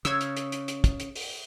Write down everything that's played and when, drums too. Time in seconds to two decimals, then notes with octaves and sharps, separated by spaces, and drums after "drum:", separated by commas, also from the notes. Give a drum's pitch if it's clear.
0.05 C#3 E6 G#6, drum: hi-hat
0.21 drum: hi-hat
0.37 drum: hi-hat
0.52 drum: hi-hat
0.68 drum: hi-hat
0.84 drum: kick, hi-hat
1.00 drum: hi-hat
1.15 drum: open hi-hat